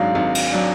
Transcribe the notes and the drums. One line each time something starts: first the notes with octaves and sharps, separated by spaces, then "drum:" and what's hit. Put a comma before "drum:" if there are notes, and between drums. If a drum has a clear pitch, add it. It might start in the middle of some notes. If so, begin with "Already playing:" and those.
Already playing: G#1 G#2 F#3 D4 F5
G#1
drum: cymbal
F#3 D4